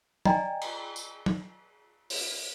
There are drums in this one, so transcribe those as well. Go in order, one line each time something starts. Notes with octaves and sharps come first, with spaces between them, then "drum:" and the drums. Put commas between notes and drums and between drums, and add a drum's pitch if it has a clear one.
D5 D#5 G5 G#5 A#5, drum: tom
drum: cymbal
drum: tambourine
drum: tom
drum: open hi-hat